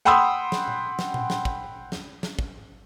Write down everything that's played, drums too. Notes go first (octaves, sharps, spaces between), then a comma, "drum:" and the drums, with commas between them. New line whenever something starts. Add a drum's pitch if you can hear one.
F#5 G5 B5 C6 D#6 E6
drum: snare
drum: tom A#2
drum: snare
drum: tom A#2
drum: snare
drum: kick
drum: snare
drum: snare
drum: kick